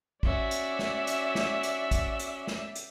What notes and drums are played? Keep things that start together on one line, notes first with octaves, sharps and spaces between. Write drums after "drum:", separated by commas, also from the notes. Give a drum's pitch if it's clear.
C#4 F#4 D5 E5, drum: kick
drum: hi-hat
drum: snare
drum: hi-hat
drum: snare
drum: hi-hat
drum: kick, hi-hat
drum: hi-hat
drum: snare
drum: hi-hat